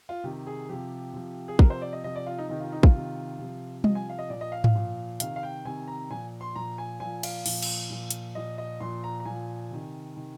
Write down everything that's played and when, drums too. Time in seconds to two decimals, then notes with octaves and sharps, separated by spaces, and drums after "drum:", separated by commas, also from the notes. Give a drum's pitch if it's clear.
0.09 F4
0.24 C3 D#3 G4
0.47 G#4
0.69 C3 F3 G4
1.14 C3 F3
1.48 G#4
1.59 C3 F3 A#4, drum: kick
1.70 C5
1.82 D5
1.93 D#5
2.04 C3 F3 D#5
2.16 D5
2.27 F4
2.38 D#4
2.49 C3 D#3 D#4
2.60 F4
2.72 D#4
2.83 F4, drum: kick
2.95 C3 D#3
3.39 C3 F3
3.84 C3 F3 D#5, drum: tom G3
3.95 G#5
4.10 F5
4.19 D#5
4.30 A#2 F3 D5
4.41 D#5
4.52 F5
4.64 F5, drum: tom G#2
4.75 A#2 F3
5.20 C3 D#3 F5, drum: hi-hat
5.36 F5
5.43 G5
5.65 C3 D#3 G#5
5.88 A#5
6.10 A#2 F3 G#5
6.41 C6
6.56 A#2 F3 A#5
6.78 G#5
7.00 A#2 F3 G#5
7.23 F5, drum: cymbal
7.46 A#2 F3, drum: open hi-hat
7.62 drum: cymbal
7.90 A#2 F3
8.11 drum: hi-hat
8.35 A#2 F3 D#5
8.58 D#5
8.80 A#2 F3 C6
9.04 A#5
9.20 A#5
9.26 A#2 F3 G#5
9.71 C3 D#3
10.16 C3 D#3